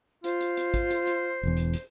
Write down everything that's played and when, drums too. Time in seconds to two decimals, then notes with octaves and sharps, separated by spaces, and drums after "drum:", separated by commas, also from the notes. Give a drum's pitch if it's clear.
0.24 F4 C5, drum: hi-hat
0.41 drum: hi-hat
0.57 drum: hi-hat
0.74 drum: kick, hi-hat
0.90 drum: hi-hat
1.07 drum: hi-hat
1.43 E1 E2
1.57 drum: hi-hat
1.73 drum: hi-hat